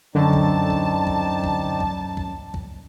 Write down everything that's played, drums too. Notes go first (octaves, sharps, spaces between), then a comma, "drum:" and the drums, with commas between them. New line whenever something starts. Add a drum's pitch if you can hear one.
F#2 D3 C4 D#4 D5 A5
drum: kick C2
drum: kick C2
drum: kick C2
drum: kick C2
drum: kick C2
drum: kick C2
drum: kick C2